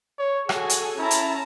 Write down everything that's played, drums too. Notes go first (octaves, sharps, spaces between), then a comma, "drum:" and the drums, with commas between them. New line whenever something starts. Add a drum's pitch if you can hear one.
C#5
F#4 G#4 A4 G#5, drum: rim click
drum: hi-hat
C#4 E4 A5 A#5
drum: hi-hat